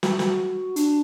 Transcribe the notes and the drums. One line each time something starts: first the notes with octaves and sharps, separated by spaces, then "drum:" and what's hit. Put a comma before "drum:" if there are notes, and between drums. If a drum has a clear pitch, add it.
F#4, drum: snare
drum: snare
D4, drum: hi-hat